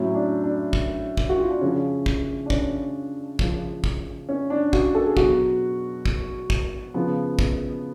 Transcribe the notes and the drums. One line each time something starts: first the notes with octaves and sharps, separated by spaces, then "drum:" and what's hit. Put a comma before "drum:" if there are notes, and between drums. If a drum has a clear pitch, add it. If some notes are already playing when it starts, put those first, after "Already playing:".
Already playing: A2 F#3 C#4
D4
D4
drum: kick
drum: kick
F#4
F4
D4
C#3 F3 C#4
drum: kick
D4
C#4, drum: kick
C#3 F3, drum: kick
drum: kick
C#4
D4
F#4, drum: kick
A4
G#4
B2 F#3 F#4, drum: kick
drum: kick
drum: kick
C#3 F3 B3
drum: kick